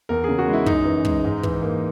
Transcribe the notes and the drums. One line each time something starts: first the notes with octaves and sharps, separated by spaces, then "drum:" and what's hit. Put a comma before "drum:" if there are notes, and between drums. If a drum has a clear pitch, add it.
E2 A#4
C#3 G#4
F#4
G#3
E4
F#2 D#4, drum: kick
E3
G#3, drum: kick
G#2
E3, drum: kick
A#3